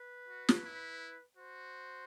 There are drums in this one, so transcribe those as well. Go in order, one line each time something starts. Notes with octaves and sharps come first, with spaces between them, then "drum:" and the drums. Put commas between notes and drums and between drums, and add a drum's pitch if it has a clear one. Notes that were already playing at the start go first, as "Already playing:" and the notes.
Already playing: B4
F#4
drum: snare
E4
F#4 C5